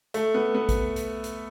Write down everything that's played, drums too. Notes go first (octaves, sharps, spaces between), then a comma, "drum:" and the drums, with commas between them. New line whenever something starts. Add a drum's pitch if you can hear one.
A3, drum: hi-hat
B3
B3
drum: kick, hi-hat
drum: hi-hat
drum: hi-hat